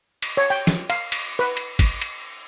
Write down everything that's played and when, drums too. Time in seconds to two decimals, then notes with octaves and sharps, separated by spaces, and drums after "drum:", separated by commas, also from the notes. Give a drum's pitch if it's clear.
0.22 drum: cymbal
0.37 C#5
0.50 G5
0.67 drum: snare
0.90 F5, drum: cymbal
1.12 drum: cymbal
1.39 B4
1.57 drum: cymbal
1.79 drum: kick, cymbal
2.01 drum: cymbal